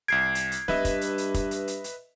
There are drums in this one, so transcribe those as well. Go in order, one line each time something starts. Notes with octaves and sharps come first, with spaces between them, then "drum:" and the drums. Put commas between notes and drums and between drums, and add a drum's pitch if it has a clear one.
C2 G#6 C7 D7
drum: hi-hat
drum: hi-hat
G2 B4 D#5 E5, drum: snare
drum: kick, hi-hat
drum: hi-hat
drum: hi-hat
drum: kick, hi-hat
drum: hi-hat
drum: hi-hat
drum: hi-hat